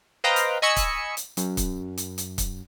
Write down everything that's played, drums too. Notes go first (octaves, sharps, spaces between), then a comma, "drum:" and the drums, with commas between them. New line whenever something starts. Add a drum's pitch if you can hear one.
B4 C5 D#5 F5 G5 A#5
drum: hi-hat
D#5 G#5 B5 C#6 E6 C#7
drum: kick, hi-hat
drum: hi-hat
F#2, drum: hi-hat
drum: kick, hi-hat
drum: hi-hat
drum: hi-hat
drum: kick, hi-hat